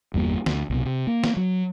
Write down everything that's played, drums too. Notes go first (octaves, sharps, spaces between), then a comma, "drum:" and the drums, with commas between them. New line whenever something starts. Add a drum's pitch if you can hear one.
G1 E2 G3 A#3
D2, drum: snare
C2 B2
C3
A#3
drum: snare
F#3